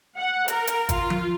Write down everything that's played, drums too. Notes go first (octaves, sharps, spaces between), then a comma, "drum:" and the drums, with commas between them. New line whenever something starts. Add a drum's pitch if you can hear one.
F#5
A#4, drum: hi-hat
drum: hi-hat
F4, drum: kick G#1, hi-hat
drum: tom F3